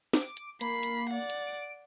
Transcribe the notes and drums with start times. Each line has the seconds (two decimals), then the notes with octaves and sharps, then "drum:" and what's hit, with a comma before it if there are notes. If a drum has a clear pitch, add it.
0.13 D6, drum: snare
0.37 drum: hi-hat
0.61 A#3 B5 C7, drum: hi-hat
0.83 drum: hi-hat
1.10 D5 F#5
1.30 drum: hi-hat
1.47 D7